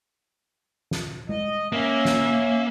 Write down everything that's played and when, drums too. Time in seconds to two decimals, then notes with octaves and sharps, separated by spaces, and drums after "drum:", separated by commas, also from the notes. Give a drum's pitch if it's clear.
0.91 drum: snare
1.29 D#5, drum: tom G#3
1.73 A#3 C#4 E5
2.05 drum: snare